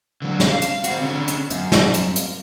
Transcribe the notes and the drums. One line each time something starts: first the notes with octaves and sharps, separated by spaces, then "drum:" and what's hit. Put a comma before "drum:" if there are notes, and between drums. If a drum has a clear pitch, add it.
D3 F#3
drum: snare
F5
drum: hi-hat
C4 F#4, drum: hi-hat
D3 C#4
drum: hi-hat
F#2, drum: hi-hat
drum: snare
drum: hi-hat
drum: hi-hat